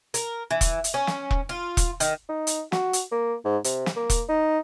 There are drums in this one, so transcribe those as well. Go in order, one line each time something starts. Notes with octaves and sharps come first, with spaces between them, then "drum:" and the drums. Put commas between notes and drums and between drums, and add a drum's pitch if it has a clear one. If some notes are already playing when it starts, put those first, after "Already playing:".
A#4, drum: hi-hat
E3
drum: kick E1, hi-hat
drum: hi-hat
C#4
drum: snare
drum: kick E1
F4
drum: kick E1, hi-hat
D#3, drum: hi-hat
D#4
drum: hi-hat
F#4, drum: snare
drum: hi-hat
A#3
G#2
C3, drum: hi-hat
drum: snare
A#3
drum: kick E1, hi-hat
D#4